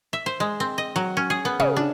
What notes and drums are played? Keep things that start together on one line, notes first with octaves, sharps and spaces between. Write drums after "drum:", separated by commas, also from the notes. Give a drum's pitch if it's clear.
E5
C5
G#3
C4
D#5
F#3
C#4
G#4
B3
C#3, drum: tom
D4